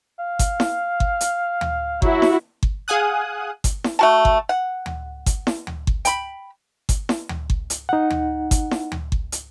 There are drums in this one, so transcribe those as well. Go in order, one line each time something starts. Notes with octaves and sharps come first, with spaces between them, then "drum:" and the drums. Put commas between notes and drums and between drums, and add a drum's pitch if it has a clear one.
F5
drum: kick G1, hi-hat
drum: snare E4
drum: kick G1
drum: hi-hat
drum: tom D2
F#3 E4 F#4, drum: kick G1
drum: snare E4
drum: kick G1
G#4 F5 F#5 G#5 D#6 F#6
drum: kick G1, hi-hat
drum: snare E4
A3 F#4 A5
drum: kick G1
F#5
drum: tom D2
drum: kick G1, hi-hat
drum: snare E4
drum: tom D2
drum: kick G1
G5 B5, drum: hi-hat
drum: kick G1, hi-hat
drum: snare E4
drum: tom D2
drum: kick G1
drum: hi-hat
D#4 F#5
drum: tom D2
drum: kick G1, hi-hat
drum: snare E4
drum: tom D2
drum: kick G1
drum: hi-hat